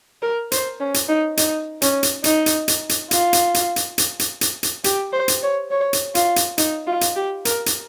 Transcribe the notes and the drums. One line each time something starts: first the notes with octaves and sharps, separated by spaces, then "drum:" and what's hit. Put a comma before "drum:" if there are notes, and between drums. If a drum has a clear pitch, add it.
A#4
C5, drum: hi-hat
C#4
drum: hi-hat
D#4
D#4, drum: hi-hat
C#4, drum: hi-hat
drum: hi-hat
D#4, drum: hi-hat
drum: hi-hat
drum: hi-hat
drum: hi-hat
F4, drum: hi-hat
drum: hi-hat
drum: hi-hat
drum: hi-hat
drum: hi-hat
drum: hi-hat
drum: hi-hat
drum: hi-hat
G4, drum: hi-hat
C5
drum: hi-hat
C#5
C#5
drum: hi-hat
F4, drum: hi-hat
drum: hi-hat
D#4, drum: hi-hat
F4
drum: hi-hat
G4
A#4, drum: hi-hat
drum: hi-hat